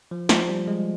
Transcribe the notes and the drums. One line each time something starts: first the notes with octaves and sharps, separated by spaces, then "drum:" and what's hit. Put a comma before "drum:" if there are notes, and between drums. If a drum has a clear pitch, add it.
F3
F3, drum: snare
G3
G#3